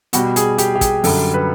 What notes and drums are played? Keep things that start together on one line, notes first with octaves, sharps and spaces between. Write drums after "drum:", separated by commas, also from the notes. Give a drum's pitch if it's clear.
B2 G3 F#4, drum: hi-hat
G#4, drum: hi-hat
G4, drum: hi-hat
G4
G#4, drum: kick, hi-hat
F#2 D3 G3 A4, drum: open hi-hat
B4